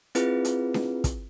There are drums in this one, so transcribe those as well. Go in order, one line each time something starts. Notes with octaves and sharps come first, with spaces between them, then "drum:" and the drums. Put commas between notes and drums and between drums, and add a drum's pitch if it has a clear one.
C4 E4 F4 G#4 B4, drum: hi-hat
drum: hi-hat
drum: snare D4
drum: kick, hi-hat